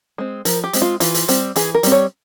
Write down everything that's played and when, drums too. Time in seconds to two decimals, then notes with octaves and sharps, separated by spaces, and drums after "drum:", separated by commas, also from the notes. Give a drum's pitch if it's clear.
0.18 G#3 C4
0.45 F3 A#4, drum: hi-hat
0.64 G4
0.73 G#3 C4, drum: hi-hat
0.82 F4
1.00 E3 F4, drum: hi-hat
1.14 drum: hi-hat
1.28 G3 C4, drum: hi-hat
1.56 E3 G#4, drum: hi-hat
1.75 A#4
1.83 G3 C4, drum: hi-hat
1.92 C#5